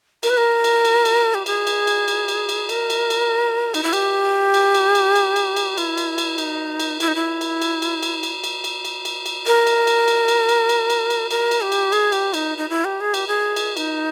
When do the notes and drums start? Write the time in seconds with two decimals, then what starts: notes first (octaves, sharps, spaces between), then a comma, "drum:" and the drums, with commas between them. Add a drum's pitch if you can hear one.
0.23 A#4, drum: cymbal
0.30 B4
0.37 A#4
0.64 drum: cymbal
0.85 drum: cymbal
1.05 drum: cymbal
1.34 G4
1.46 G#4, drum: cymbal
1.67 drum: cymbal
1.87 drum: cymbal
2.08 drum: cymbal
2.28 drum: cymbal
2.49 drum: cymbal
2.69 A#4, drum: cymbal
2.90 drum: cymbal
3.10 drum: cymbal
3.74 D#4, drum: cymbal
3.83 E4
3.93 G4, drum: cymbal
4.54 drum: cymbal
4.74 drum: cymbal
4.95 drum: cymbal
5.15 drum: cymbal
5.36 drum: cymbal
5.56 drum: cymbal
5.78 E4, drum: cymbal
5.97 drum: cymbal
6.18 drum: cymbal
6.38 D#4, drum: cymbal
6.80 drum: cymbal
7.00 E4, drum: cymbal
7.08 D#4
7.15 E4
7.41 drum: cymbal
7.62 drum: cymbal
7.82 drum: cymbal
8.03 drum: cymbal
8.23 drum: cymbal
8.44 drum: cymbal
8.64 drum: cymbal
8.85 drum: cymbal
9.05 drum: cymbal
9.26 drum: cymbal
9.46 A#4, drum: cymbal
9.67 drum: cymbal
9.87 drum: cymbal
10.08 drum: cymbal
10.28 drum: cymbal
10.49 drum: cymbal
10.69 drum: cymbal
10.90 drum: cymbal
11.10 drum: cymbal
11.31 A#4, drum: cymbal
11.51 drum: cymbal
11.61 G4
11.72 drum: cymbal
11.92 G#4, drum: cymbal
12.12 G4, drum: cymbal
12.34 D#4, drum: cymbal
12.58 D#4
12.69 E4
12.85 G4
13.01 G#4
13.14 G4, drum: cymbal
13.27 G#4
13.56 drum: cymbal
13.77 D#4, drum: cymbal